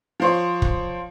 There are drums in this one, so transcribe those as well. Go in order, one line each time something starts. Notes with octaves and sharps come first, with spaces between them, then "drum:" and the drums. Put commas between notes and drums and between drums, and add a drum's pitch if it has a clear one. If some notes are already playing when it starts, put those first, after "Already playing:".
F3 C5 C#5
drum: kick